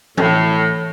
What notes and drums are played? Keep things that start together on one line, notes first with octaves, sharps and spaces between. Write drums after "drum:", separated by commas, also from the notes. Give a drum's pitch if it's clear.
A2, drum: tom E3